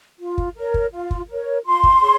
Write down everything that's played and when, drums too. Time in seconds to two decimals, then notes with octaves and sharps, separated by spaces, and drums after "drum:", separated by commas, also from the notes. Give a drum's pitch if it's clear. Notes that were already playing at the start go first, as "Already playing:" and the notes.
0.19 F4
0.38 drum: kick
0.56 A#4 C#5
0.74 drum: kick
0.92 F4
1.11 drum: kick
1.29 A#4 C#5
1.65 F4 C6
1.83 drum: kick
2.02 G#4 C#5